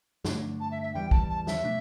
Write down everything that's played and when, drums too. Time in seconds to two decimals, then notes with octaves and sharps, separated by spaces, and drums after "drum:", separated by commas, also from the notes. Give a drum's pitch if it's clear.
0.25 G2 D3 A3 D4, drum: snare
0.60 A5
0.71 E5
0.82 E5
0.94 E2 E3 G3 G5
1.11 A5, drum: kick
1.29 A5
1.47 E5, drum: snare
1.64 B2 A3 D4